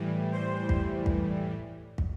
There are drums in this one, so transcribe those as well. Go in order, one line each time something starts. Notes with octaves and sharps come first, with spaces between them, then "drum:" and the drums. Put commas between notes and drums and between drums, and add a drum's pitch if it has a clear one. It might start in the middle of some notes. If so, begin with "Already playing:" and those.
Already playing: A2 E3 G3
C5
drum: kick
drum: kick
drum: kick